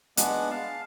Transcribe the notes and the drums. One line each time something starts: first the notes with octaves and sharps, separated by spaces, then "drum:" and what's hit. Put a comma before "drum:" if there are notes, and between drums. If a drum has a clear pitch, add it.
G#3 B3 D4 F#5 D6, drum: hi-hat
F5 A5